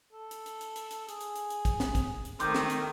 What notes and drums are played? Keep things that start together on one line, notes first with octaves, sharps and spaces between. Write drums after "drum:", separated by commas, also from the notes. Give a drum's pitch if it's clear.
A4
drum: hi-hat
drum: hi-hat
drum: hi-hat
drum: hi-hat
drum: hi-hat
G#4, drum: hi-hat
drum: hi-hat
drum: hi-hat
drum: hi-hat
drum: kick, hi-hat
drum: snare
drum: kick, hi-hat
drum: hi-hat
D#3 A3 C4 C6 D6 G6, drum: hi-hat
drum: snare
drum: hi-hat